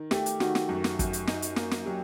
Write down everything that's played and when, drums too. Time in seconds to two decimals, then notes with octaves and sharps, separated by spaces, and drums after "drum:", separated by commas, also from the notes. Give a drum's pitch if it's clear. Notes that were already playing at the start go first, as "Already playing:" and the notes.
Already playing: D#3
0.11 A3 G4, drum: snare
0.26 drum: hi-hat
0.40 D#3 F#4, drum: snare
0.55 drum: snare
0.69 F#2
0.84 drum: snare
0.99 F#2, drum: kick, hi-hat
1.13 drum: hi-hat
1.27 D#4, drum: snare
1.42 drum: hi-hat
1.56 A#3, drum: snare
1.71 drum: snare
1.86 F#3 G4